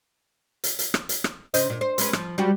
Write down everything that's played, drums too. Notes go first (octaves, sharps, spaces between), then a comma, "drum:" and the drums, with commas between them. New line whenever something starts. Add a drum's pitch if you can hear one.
drum: hi-hat
drum: hi-hat
drum: rim click
drum: hi-hat
drum: rim click
C#3 C5 D#5, drum: hi-hat
A#2
C5
G#3 C#4 B4, drum: hi-hat
F3, drum: rim click
G3 F#4 G4